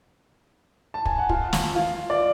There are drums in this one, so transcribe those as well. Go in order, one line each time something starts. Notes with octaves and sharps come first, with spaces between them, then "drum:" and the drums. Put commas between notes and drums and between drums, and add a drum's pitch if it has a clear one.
A5
G#5, drum: kick
F#5
F4 F5, drum: kick
drum: snare
F4 F5
D5